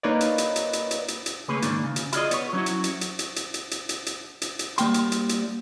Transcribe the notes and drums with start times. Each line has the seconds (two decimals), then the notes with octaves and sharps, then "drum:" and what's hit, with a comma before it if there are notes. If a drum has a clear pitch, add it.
0.03 A#3 D#4 B4 C#5 D5
0.21 drum: hi-hat
0.38 drum: hi-hat
0.56 drum: hi-hat
0.73 drum: hi-hat
0.91 drum: hi-hat
1.08 drum: hi-hat
1.26 drum: hi-hat
1.48 C#3 A3 A#3 C#4 G#4 B4
1.62 G#2 D#3 A#3 D4, drum: hi-hat
1.84 C#3
1.96 drum: hi-hat
2.13 E4 F4 G#4 A4 D5 D#5, drum: hi-hat
2.31 B3 C#5, drum: hi-hat
2.53 F#3 C#4 E4 F#4
2.66 drum: hi-hat
2.84 drum: hi-hat
3.01 drum: hi-hat
3.19 drum: hi-hat
3.36 drum: hi-hat
3.54 drum: hi-hat
3.71 drum: hi-hat
3.89 drum: hi-hat
4.06 drum: hi-hat
4.42 drum: hi-hat
4.59 drum: hi-hat
4.78 G3 A#3 G5 C6, drum: hi-hat
4.94 drum: hi-hat
5.12 drum: hi-hat
5.29 drum: hi-hat